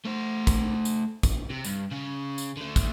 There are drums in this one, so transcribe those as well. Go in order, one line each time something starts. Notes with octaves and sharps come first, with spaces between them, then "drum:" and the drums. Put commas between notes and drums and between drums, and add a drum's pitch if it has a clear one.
A3 C5
drum: kick, tambourine
drum: tambourine
drum: kick, tambourine
C3
G2, drum: tambourine
C#3 C#4
drum: tambourine
D3 A3
drum: kick, tambourine